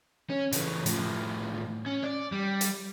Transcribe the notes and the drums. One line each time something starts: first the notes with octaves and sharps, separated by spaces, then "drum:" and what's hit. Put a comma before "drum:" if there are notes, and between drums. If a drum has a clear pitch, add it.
C#4
C#3 E3, drum: hi-hat
A2 F3, drum: hi-hat
C#4
D5
G3
drum: hi-hat